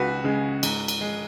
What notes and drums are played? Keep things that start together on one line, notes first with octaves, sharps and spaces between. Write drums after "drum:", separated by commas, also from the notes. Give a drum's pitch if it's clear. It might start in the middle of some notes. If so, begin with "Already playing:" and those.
Already playing: C#2 C#3 F#4 B4
C#3 G#3
G#2, drum: cymbal
drum: cymbal
G#3